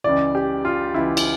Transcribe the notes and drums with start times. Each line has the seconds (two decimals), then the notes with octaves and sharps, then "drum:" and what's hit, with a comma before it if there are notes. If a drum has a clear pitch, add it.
0.04 C#2 C#3 E3 D5
0.35 G4
0.65 F4
0.94 C#2 C#3 E3 E4
1.17 drum: cymbal